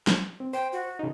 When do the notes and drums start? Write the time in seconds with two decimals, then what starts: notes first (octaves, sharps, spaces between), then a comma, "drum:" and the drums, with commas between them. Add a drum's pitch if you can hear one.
0.07 drum: snare
0.40 C4
0.53 C5 G5
0.73 F#4
0.99 C#3 D#4